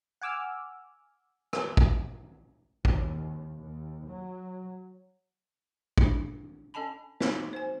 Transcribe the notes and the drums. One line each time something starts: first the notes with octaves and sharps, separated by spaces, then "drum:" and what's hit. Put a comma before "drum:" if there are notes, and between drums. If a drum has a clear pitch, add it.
F#5 G#5 D6 E6 F6
drum: rim click
drum: kick
D#2, drum: kick
D#2
F#3
D4 E4, drum: kick
C#4 A4 D#5 G#5 A5 B5
D#4, drum: snare
C5 G#5